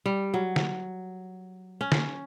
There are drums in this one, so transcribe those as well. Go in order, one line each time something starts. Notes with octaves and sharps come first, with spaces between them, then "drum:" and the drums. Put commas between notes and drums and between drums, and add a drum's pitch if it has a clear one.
G3
F#3
drum: snare
C#4
drum: snare